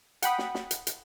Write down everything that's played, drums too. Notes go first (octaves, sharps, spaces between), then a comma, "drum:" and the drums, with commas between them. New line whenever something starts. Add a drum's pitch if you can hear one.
F#5 G5 B5 D#6, drum: hi-hat
drum: snare
drum: snare
drum: hi-hat
drum: hi-hat